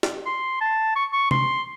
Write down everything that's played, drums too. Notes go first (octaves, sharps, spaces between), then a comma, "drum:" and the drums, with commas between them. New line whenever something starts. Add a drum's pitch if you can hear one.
drum: snare
C6
A5
C#6
C#6
C6, drum: tom